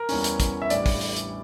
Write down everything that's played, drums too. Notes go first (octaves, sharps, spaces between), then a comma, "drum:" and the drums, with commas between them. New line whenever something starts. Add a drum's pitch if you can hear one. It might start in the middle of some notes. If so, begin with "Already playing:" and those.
Already playing: A#4
E2 E3 G3 C#4, drum: open hi-hat
drum: hi-hat
drum: kick, hi-hat
E5
A1 A2 E3 G3 D4 D5, drum: hi-hat
drum: kick, open hi-hat
drum: open hi-hat
drum: hi-hat